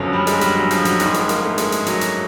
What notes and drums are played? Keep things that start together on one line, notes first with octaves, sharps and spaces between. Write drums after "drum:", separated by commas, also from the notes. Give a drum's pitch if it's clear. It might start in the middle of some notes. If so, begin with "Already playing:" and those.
Already playing: G1 F#2 D3 F3 F#3
G3
G#3, drum: hi-hat
G3, drum: hi-hat
F#3
F3, drum: hi-hat
F#3, drum: hi-hat
G#1 G#2 F3 G3, drum: hi-hat
G#3, drum: hi-hat
A#3, drum: hi-hat
A3
G#3, drum: hi-hat
drum: hi-hat
F#3, drum: hi-hat
drum: hi-hat